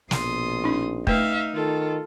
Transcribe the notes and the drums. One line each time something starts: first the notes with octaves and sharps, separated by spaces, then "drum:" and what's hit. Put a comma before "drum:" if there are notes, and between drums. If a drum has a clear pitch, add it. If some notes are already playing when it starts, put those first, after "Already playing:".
A#1 B2 C6 D#6, drum: snare
C#4 D#4
A3 D#4 B4 E5 F5, drum: kick
D#3 F4 A4